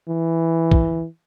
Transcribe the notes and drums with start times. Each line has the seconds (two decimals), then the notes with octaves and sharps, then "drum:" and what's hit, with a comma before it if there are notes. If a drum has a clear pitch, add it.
0.09 E3
0.71 drum: kick